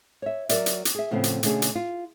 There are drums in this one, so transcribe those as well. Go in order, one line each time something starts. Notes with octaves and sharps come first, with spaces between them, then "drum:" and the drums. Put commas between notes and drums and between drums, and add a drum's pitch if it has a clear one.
C#5 E5
F#3 F#4 A#4 D5 E5, drum: hi-hat
drum: hi-hat
drum: hi-hat
G#4 E5
A2 C#3 F3 A3 B3 C4
drum: hi-hat
B2 D3 A3 C#4 G#4, drum: hi-hat
drum: hi-hat
F4